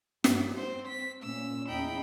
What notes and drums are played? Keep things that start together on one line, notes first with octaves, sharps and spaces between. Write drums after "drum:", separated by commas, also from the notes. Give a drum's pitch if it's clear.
G2, drum: snare
C4 C5
B6
A#2 C#4 E6
E2 D#4 E4 G5 B5